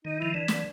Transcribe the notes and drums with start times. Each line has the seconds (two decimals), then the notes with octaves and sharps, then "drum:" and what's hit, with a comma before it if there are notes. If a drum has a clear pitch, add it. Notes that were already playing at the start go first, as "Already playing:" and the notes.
0.05 D#3 D#4
0.19 F3 E4
0.34 E3 D4
0.48 D4, drum: snare